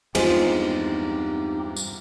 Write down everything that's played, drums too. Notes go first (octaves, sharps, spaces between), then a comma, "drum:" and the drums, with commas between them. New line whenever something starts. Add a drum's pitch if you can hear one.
E2 G2 F3 G#3 C4 D#4 G4, drum: cymbal
drum: tambourine